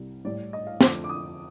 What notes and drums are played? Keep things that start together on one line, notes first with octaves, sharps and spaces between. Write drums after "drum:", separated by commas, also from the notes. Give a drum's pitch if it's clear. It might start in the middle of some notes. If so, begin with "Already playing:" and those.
Already playing: C2 C3 G3
A2 G3 D5
D#5
F5
F2 D3 F3 A3 D6, drum: snare
D6
D#6